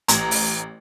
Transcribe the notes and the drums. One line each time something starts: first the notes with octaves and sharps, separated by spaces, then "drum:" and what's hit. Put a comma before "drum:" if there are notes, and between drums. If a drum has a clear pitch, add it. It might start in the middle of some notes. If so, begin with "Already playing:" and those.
A1 A#5, drum: hi-hat
drum: open hi-hat